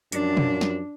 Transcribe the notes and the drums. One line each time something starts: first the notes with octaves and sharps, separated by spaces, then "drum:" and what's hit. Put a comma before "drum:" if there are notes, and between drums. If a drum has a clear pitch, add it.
F#2 F3 D4, drum: hi-hat
drum: tom
drum: snare